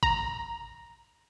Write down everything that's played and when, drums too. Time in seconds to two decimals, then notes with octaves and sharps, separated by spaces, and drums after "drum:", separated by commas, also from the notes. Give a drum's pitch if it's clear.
0.03 A#5, drum: kick G#1